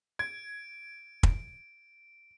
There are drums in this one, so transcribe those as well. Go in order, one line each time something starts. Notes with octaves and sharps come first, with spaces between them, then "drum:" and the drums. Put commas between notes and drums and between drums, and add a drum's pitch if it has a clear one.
G#6 D7
drum: kick